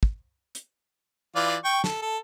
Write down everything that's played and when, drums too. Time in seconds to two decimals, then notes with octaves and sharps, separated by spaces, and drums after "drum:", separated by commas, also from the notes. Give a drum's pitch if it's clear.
0.03 drum: kick
0.55 drum: hi-hat
1.35 E3 F4 D5
1.65 G5 C#6
1.84 A4, drum: snare
2.02 A4